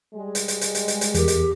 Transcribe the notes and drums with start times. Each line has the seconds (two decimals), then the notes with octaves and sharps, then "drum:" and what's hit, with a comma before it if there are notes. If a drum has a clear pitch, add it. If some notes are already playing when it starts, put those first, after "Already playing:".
0.14 G3 G#3
0.35 drum: hi-hat
0.48 drum: hi-hat
0.61 drum: hi-hat
0.75 drum: hi-hat
0.88 drum: hi-hat
1.01 drum: hi-hat
1.14 E2 G4 G#4 A#4, drum: hi-hat
1.28 drum: hi-hat